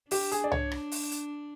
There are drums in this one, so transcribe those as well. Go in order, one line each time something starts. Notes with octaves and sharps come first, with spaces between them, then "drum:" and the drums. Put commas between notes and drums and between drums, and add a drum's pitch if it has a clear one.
D4 G4, drum: open hi-hat
G#4, drum: hi-hat
D5
C#5, drum: tom C2
drum: rim click
drum: open hi-hat
drum: hi-hat